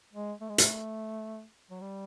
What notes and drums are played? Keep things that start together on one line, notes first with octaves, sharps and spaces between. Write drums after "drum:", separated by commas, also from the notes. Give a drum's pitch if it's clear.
G#3
A3
G#3
A3, drum: hi-hat
F#3
G3